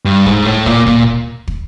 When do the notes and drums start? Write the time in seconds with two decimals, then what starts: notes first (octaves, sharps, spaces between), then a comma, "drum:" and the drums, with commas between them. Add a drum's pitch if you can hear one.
0.05 G2
0.26 G#2, drum: kick
0.46 A2
0.66 A#2, drum: kick
0.87 A#2, drum: kick
1.48 drum: kick